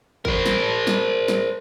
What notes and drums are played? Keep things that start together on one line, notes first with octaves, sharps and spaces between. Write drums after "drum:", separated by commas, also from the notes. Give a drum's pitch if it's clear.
A#4 C5, drum: kick G#1
drum: snare
drum: snare
drum: snare